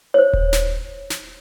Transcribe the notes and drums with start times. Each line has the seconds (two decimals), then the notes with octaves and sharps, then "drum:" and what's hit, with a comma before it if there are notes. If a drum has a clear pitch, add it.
0.14 C5 C#5
0.33 drum: kick D#1
0.53 drum: snare
1.10 drum: snare